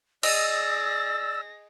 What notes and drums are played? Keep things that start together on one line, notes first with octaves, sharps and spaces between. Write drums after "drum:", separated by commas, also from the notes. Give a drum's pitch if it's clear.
G#4 D5 D#5 E6 A#6, drum: cymbal